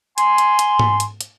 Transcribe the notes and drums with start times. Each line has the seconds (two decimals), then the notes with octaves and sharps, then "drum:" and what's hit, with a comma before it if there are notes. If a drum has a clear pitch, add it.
0.18 G#5 C6, drum: hi-hat
0.38 drum: hi-hat
0.59 drum: hi-hat
0.79 drum: tom G#2
1.00 drum: hi-hat
1.21 drum: hi-hat